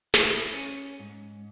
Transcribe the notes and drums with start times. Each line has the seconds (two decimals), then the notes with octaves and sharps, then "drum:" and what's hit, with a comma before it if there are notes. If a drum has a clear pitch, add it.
0.14 E4, drum: snare
0.54 C#4
1.00 G#2